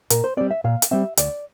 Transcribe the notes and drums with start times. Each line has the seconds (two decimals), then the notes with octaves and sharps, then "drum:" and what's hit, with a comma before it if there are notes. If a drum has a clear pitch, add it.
0.10 A#2 A#4, drum: hi-hat
0.24 C5
0.37 G3 C4 D5
0.51 E5
0.64 A#2 F5
0.82 drum: hi-hat
0.91 G3 C4 E5
1.17 D2 D5, drum: hi-hat